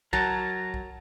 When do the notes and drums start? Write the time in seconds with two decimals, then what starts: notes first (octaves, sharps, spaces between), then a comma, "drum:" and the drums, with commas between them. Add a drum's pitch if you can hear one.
0.13 F#3 A#4 A5 A#5, drum: kick
0.74 drum: kick